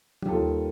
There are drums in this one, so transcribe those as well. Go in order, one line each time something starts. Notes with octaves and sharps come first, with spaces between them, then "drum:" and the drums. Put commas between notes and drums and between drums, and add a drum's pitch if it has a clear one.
G4, drum: tom
D#2 D#3 G3 F4 A4